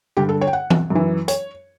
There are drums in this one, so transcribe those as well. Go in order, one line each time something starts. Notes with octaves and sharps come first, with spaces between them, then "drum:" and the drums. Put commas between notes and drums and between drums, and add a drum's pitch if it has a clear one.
G2 D3 G4
A4
C#5
G5
F#5
drum: tom E3
F#2 E3
C#5, drum: hi-hat